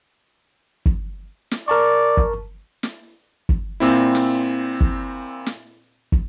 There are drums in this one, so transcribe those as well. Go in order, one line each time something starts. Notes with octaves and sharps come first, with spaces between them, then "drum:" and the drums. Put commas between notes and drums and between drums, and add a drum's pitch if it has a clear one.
drum: kick
drum: snare
A#4 D5 A5 C#6
drum: kick
drum: snare
drum: kick
A#2 C4 E4
drum: snare
drum: kick
drum: snare
drum: kick